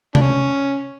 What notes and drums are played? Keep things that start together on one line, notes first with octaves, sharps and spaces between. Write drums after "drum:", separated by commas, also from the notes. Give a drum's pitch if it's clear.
D4, drum: tom C3
C#4